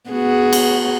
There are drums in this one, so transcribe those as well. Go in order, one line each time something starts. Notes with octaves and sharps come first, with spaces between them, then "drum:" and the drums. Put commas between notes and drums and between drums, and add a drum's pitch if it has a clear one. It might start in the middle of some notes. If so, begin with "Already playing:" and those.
B3 F#4 G#4
drum: cymbal